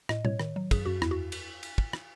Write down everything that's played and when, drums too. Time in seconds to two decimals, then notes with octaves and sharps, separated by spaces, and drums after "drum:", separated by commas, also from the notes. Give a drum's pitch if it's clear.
0.09 A2 D#5, drum: rim click
0.25 A2 C#5, drum: tom
0.40 D#3, drum: rim click
0.56 F#3
0.71 F#2 G#4, drum: kick, cymbal
0.86 F#2 F#4
1.02 E2 E4, drum: rim click
1.11 F#4
1.32 drum: cymbal
1.63 drum: cymbal
1.78 drum: kick
1.93 drum: rim click